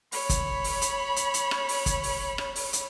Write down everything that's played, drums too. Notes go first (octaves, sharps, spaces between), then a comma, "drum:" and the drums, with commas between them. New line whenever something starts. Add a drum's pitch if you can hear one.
C#5 B5, drum: open hi-hat
drum: kick, hi-hat
drum: open hi-hat
drum: hi-hat
drum: hi-hat
drum: hi-hat
drum: rim click
drum: open hi-hat
drum: kick, hi-hat
drum: open hi-hat
drum: rim click
drum: open hi-hat
drum: hi-hat